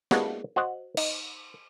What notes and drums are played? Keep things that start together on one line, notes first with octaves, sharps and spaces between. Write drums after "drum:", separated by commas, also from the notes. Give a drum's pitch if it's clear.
G#3 A#3 B3 D4 E4 F#4, drum: snare
F#4 C5 D#5 F#5
D#4, drum: cymbal